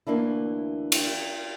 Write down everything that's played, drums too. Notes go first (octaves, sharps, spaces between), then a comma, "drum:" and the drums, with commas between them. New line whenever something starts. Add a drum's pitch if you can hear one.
D2 E3 A#3 D4 E4
drum: cymbal